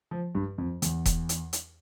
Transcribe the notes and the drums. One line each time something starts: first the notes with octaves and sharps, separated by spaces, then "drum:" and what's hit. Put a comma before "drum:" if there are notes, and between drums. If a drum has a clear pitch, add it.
F3
G2
F2
E2, drum: hi-hat
drum: kick E1, hi-hat
drum: hi-hat
drum: hi-hat